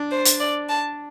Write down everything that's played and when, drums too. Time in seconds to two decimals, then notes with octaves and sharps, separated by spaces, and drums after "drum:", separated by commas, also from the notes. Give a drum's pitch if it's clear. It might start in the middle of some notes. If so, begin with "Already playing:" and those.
Already playing: D4
0.11 C5
0.25 drum: hi-hat
0.40 D5
0.69 A5